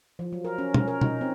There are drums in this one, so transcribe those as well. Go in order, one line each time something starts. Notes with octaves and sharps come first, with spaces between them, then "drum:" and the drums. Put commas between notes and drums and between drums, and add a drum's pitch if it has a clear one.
F3
F#3
A#4
C#4
C#4, drum: tom
A#4
D#4, drum: tom B2
C4